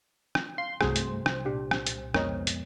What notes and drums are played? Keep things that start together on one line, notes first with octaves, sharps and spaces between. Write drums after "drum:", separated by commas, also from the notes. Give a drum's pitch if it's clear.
drum: rim click
F5 C6
C2 G2 A3 F#4 G#4 C5, drum: rim click
drum: hi-hat
drum: rim click
A#2 D4 G4
drum: rim click
drum: hi-hat
F2 G#3 B3 A#4 C#5 D#5, drum: rim click
drum: hi-hat